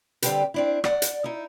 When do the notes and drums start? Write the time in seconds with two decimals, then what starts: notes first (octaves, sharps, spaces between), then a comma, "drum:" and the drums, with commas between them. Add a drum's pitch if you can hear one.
0.22 D3 G3 C4 D4 G4 B4, drum: hi-hat
0.54 C4 D4 E4
0.84 D5 F#5, drum: rim click
1.02 drum: hi-hat
1.24 D#4 E4